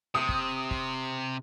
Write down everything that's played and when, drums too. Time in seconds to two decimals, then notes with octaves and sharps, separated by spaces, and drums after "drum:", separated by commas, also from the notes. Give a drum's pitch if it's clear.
0.15 C3 D#6
0.29 drum: kick
0.71 drum: kick